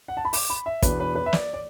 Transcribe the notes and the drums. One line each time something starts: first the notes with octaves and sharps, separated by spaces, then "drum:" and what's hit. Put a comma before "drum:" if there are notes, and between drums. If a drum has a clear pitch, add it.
F#5
A5
B5
D6, drum: open hi-hat
B5
E5
E2 B2 B3 D4 B4, drum: kick, hi-hat
B4
B4
E5
D5, drum: snare
D5